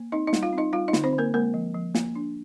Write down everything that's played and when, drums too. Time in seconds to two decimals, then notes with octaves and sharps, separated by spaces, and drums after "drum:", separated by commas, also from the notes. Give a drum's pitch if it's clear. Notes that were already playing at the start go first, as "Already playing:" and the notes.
Already playing: A#3
0.12 C4 D#4 D#5
0.27 D#4 D#5
0.33 G3, drum: snare
0.43 F4 F5
0.53 C4
0.58 D#4 D#5
0.73 G3 F4 F5
0.88 D#4 D#5
0.93 D3, drum: snare
1.04 C4 C5
1.13 D3
1.18 A#3 A#4
1.34 G#3 A#3 A#4
1.54 F3
1.75 F3
1.95 A#3, drum: snare
2.16 D4